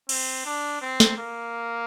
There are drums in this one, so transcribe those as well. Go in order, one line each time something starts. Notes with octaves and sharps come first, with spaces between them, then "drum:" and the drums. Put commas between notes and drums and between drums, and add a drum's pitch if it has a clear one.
C4, drum: cymbal
D4
C4
drum: snare
A#3